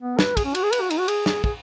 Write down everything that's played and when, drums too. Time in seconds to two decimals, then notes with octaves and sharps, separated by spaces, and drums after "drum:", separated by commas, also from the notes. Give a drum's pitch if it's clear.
0.01 B3
0.19 B4, drum: snare
0.37 G#4, drum: kick, cymbal
0.45 C#4
0.55 F#4, drum: cymbal
0.63 G#4
0.73 B4, drum: cymbal
0.81 F#4
0.90 D#4, drum: cymbal
0.99 F#4
1.08 G#4, drum: cymbal
1.26 G#4, drum: snare
1.44 G#4, drum: kick